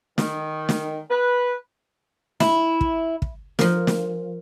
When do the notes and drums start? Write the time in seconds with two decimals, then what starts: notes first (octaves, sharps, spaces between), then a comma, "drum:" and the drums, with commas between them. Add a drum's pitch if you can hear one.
0.18 D#3, drum: snare
0.69 drum: snare
1.11 B4
2.40 E4, drum: snare
2.81 drum: kick
3.22 drum: kick
3.59 F3 A#4, drum: snare
3.87 drum: snare